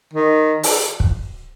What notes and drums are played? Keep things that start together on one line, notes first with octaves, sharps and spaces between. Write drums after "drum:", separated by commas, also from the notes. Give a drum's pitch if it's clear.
D#3
drum: open hi-hat
drum: kick